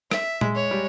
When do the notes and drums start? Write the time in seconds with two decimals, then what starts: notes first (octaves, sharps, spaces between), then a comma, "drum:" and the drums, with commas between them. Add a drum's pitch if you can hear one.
0.11 E5, drum: rim click
0.41 G#3, drum: tom A#2
0.56 C#5
0.71 G3